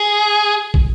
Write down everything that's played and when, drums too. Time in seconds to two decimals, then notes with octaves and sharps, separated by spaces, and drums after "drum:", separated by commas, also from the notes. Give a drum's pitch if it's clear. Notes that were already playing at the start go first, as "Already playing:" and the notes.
Already playing: G#4
0.74 drum: kick